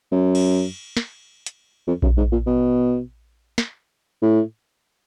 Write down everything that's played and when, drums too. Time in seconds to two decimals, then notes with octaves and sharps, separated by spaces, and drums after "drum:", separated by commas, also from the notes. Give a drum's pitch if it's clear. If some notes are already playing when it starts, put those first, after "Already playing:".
0.12 F#2
0.35 drum: cymbal
0.97 drum: snare
1.46 drum: hi-hat
1.88 F2
2.02 F#2, drum: kick A#1
2.17 G#2
2.32 A#2
2.47 B2
3.58 drum: snare
4.22 A2